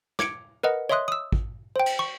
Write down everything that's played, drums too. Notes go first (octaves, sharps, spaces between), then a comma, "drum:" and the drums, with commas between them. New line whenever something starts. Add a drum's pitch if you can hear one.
D6 G#6 C#7 D7, drum: snare
A#4 B4 D#5 F#5
C#5 D#5 E5 C6 D#6 F#6
D#6 E6
drum: kick
C5 G5
drum: cymbal
C#6